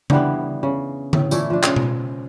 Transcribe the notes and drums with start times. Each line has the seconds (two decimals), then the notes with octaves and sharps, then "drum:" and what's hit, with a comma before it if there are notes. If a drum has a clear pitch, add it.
0.10 D3 E3 G3 B3, drum: tom C#3
0.63 C#3
1.13 A2, drum: tom D3
1.31 A#2 E3 A3 E4, drum: tambourine
1.50 F3 D4
1.63 C#3 G#3, drum: clap
1.76 drum: tom B2